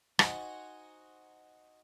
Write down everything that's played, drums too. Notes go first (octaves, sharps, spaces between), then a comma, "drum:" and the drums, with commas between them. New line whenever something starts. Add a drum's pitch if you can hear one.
D#4 F#4 C5 F#5 G#5 A#5, drum: rim click